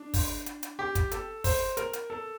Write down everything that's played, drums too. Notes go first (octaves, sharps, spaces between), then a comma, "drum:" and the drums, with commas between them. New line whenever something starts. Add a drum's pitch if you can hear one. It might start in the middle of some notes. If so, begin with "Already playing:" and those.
Already playing: D4
drum: kick, open hi-hat
drum: hi-hat
drum: hi-hat
G4
drum: kick, hi-hat
A4, drum: hi-hat
C5, drum: kick, open hi-hat
A#4, drum: hi-hat
drum: hi-hat
A4